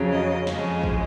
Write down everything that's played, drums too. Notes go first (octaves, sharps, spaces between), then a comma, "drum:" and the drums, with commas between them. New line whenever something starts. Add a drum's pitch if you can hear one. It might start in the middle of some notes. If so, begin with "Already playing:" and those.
Already playing: F2 C#3 F#3
D#5
F2 C#3 G#3, drum: snare
drum: kick